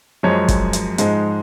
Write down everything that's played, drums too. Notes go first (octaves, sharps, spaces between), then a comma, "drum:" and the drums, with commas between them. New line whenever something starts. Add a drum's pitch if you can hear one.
F#2 F3 G#3 C#5
drum: kick, hi-hat
drum: hi-hat
G#2 F3 G#3, drum: hi-hat